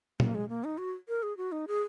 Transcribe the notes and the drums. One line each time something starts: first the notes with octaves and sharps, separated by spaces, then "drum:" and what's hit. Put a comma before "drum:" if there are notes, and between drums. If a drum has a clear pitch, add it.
A#3, drum: tom A#2
G#3
A#3
D#4
F#4
A#4
G#4
F#4
D#4
G#4